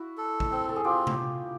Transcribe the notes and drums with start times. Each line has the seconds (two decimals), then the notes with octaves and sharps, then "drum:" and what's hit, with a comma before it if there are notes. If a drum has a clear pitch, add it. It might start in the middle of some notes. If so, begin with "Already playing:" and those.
Already playing: E4 F#4
0.18 A4
0.40 drum: kick A1
0.52 C4
0.69 A4
0.76 G#4
0.85 C4 F4 G4
1.07 drum: tom C3